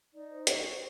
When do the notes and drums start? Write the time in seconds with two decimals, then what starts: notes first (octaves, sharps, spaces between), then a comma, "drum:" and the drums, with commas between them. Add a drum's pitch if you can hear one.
0.13 D#4 D5
0.30 C5
0.47 F#4 D#5, drum: hi-hat
0.65 C5